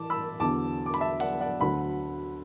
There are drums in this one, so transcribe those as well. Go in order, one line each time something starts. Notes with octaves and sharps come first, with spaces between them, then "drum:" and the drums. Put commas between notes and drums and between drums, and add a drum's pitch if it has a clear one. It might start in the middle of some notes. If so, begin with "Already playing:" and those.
Already playing: E3 A5 D6
B5 E6
E2 D3 F#3 A5 D6
D6
B5, drum: hi-hat
E5 A5
D5 F#5, drum: open hi-hat
D5 F#5
D2 D3 F#3 F#5 B5